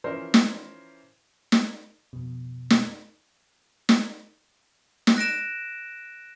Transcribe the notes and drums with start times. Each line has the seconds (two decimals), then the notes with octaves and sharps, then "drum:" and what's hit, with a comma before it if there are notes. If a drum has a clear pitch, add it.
0.04 E3 F3 C#4 E4 A#4 C5
0.34 drum: snare
1.52 drum: snare
2.13 F2 B2
2.70 drum: snare
3.89 drum: snare
5.07 drum: snare
5.17 F#6 A#6 D7 E7